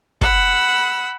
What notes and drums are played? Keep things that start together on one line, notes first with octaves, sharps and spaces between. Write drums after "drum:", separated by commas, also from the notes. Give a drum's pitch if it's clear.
F#5 B5 E6, drum: kick